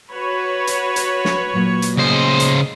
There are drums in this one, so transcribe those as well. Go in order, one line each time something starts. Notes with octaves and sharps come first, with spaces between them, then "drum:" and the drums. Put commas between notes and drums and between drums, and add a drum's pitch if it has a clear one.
F#4 B4 C#5
drum: hi-hat
drum: hi-hat
drum: snare
A#2 F#3
drum: hi-hat
C#2 C5 D#5
drum: hi-hat